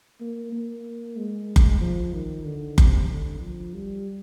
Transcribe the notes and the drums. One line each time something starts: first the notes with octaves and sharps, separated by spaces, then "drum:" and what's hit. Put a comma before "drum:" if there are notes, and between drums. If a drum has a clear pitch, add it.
A#3
A#3
G#3
drum: kick F#1
F3
D#3
D3
C3, drum: kick F#1
D3
F3
G3